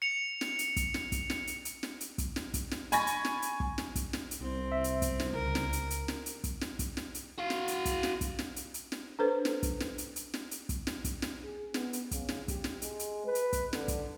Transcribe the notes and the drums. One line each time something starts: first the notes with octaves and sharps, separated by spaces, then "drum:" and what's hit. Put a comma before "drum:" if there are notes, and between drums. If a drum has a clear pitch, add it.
C#7 F7
drum: snare
drum: hi-hat
drum: kick, hi-hat
drum: snare
drum: kick, hi-hat
drum: snare
drum: hi-hat
drum: hi-hat
drum: snare
drum: hi-hat
drum: kick, hi-hat
drum: snare
drum: kick, hi-hat
drum: snare
G#5 B5 C#6 A6 A#6, drum: hi-hat
drum: hi-hat
drum: snare
drum: hi-hat
drum: kick
drum: snare
drum: kick, hi-hat
drum: snare
drum: hi-hat
C2 C4
E5
drum: hi-hat
drum: kick, hi-hat
drum: snare
C#2 A#4
drum: snare
drum: hi-hat
drum: hi-hat
drum: snare
drum: hi-hat
drum: kick, hi-hat
drum: snare
drum: kick, hi-hat
drum: snare
drum: hi-hat
F#4 F5
drum: snare
drum: hi-hat
drum: kick, hi-hat
drum: snare
drum: kick, hi-hat
drum: snare
drum: hi-hat
drum: hi-hat
drum: snare
D4 A4 B4 C5
drum: snare
drum: kick, hi-hat
drum: snare
drum: hi-hat
drum: hi-hat
drum: snare
drum: hi-hat
drum: kick, hi-hat
drum: snare
drum: kick, hi-hat
drum: snare
G#4
B3, drum: snare
drum: hi-hat
C#3, drum: kick, hi-hat
drum: snare
G4, drum: kick, hi-hat
drum: snare
G#3, drum: hi-hat
drum: hi-hat
B4
drum: hi-hat
drum: kick, hi-hat
D3, drum: snare
drum: kick, hi-hat